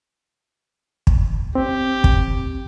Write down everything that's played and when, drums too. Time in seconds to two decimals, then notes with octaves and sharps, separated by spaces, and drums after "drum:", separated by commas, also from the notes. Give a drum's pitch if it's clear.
1.07 drum: kick
1.55 C4 G4
2.04 drum: kick